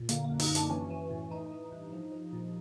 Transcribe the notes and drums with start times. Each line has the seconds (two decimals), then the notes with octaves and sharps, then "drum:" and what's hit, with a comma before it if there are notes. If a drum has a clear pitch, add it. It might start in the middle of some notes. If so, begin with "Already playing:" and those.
Already playing: A#2
0.09 D3 A#3, drum: hi-hat
0.24 F#2 A#3
0.39 D#4, drum: open hi-hat
0.49 F#2
0.55 D4, drum: hi-hat
0.70 E3 C#4
0.90 E3
1.11 A2
1.31 E3 D#4
1.51 E3
1.72 G2
1.92 F3
2.12 F3
2.33 A#2